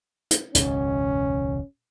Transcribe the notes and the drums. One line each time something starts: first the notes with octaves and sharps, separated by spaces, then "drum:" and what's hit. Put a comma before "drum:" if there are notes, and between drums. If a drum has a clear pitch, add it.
drum: hi-hat
E1 C#2 G#2 C#4, drum: hi-hat